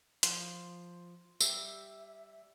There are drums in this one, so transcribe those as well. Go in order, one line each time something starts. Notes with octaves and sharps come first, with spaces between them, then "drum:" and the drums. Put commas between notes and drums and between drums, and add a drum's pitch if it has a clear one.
F3 C6, drum: hi-hat
G3 E5 E6, drum: tambourine